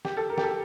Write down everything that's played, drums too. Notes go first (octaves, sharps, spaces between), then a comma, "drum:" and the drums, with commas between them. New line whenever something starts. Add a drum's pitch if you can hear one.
G4, drum: snare
A4
A#4
G4, drum: snare
A4